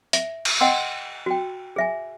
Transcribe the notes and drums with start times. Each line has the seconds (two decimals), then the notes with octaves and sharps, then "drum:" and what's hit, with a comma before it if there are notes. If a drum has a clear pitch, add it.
0.13 E5, drum: hi-hat
0.45 drum: cymbal
0.60 D#5 F#5 G5 C6 E6
1.26 F#4 G5
1.76 G#4 E5 G#5